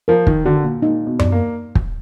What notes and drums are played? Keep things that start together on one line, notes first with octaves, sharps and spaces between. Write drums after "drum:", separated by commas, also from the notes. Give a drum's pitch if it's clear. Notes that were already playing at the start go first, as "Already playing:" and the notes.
F3 A#4
D#3, drum: kick
D3 F#4
A#2
A#2 D#4
B2
D5, drum: tom F#2
A#3
drum: kick